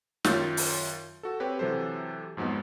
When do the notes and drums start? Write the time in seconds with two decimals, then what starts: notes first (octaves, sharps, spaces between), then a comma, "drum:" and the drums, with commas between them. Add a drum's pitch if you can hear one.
0.24 F#2 D#3 F4 C#5 G6 A6, drum: snare
0.57 drum: open hi-hat
1.23 F#4 A4
1.40 C4 G4 B4 C#5
1.59 C3 E3 F#3 A4 C5
2.37 F2 G#2 F#3 G#3 B3